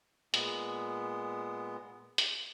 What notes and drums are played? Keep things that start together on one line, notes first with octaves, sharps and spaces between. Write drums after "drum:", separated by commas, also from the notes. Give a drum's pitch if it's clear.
A#2 G#3 B3, drum: hi-hat
drum: hi-hat